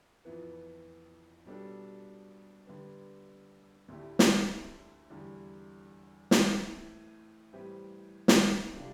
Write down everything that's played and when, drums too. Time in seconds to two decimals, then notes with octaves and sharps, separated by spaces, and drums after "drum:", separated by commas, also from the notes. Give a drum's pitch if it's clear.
0.25 F2 E3 B3
1.46 B2 G3 B3 D4 A4
2.67 D3 G3 B3
3.88 D2 D3 A3 E4 G4
4.19 drum: snare
5.10 E2 D3 G3
6.31 A2 E3 A3 C4, drum: snare
7.53 A2 E3 G3 C4 G4
8.28 drum: snare
8.74 C3 G3 D4 F4 A4